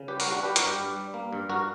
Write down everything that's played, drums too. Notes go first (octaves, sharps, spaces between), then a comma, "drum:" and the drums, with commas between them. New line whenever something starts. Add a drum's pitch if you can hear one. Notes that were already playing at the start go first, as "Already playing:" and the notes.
Already playing: C#3
G3 G4 B4
F#4 A#4, drum: open hi-hat
G3
D4 F#4
G3 G4 B4
F#4 A#4, drum: hi-hat
G2
G4 B4
G2
G3
A#3
G2
G2 F#4 A#4